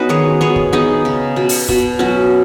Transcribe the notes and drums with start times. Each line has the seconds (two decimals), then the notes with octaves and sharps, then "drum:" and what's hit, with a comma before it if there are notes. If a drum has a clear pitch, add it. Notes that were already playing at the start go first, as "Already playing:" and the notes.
Already playing: B3 C#4 D#4 F#4 B4
0.09 D#3 G#4 C#5
0.41 B3 G#4 C#5
0.56 drum: kick
0.73 B3 D#4 G#4
1.05 C#3
1.36 B2
1.49 drum: open hi-hat
1.69 B2, drum: kick
1.99 F#3 C#4 F#4